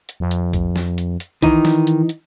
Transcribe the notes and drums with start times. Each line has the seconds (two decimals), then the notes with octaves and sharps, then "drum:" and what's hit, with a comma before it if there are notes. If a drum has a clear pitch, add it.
0.09 drum: hi-hat
0.20 F2
0.31 drum: hi-hat
0.53 drum: kick B1, hi-hat
0.76 drum: snare
0.98 drum: hi-hat
1.20 drum: hi-hat
1.42 D#3 E3 D#4, drum: kick B1, hi-hat
1.65 drum: snare
1.87 drum: hi-hat
2.09 drum: hi-hat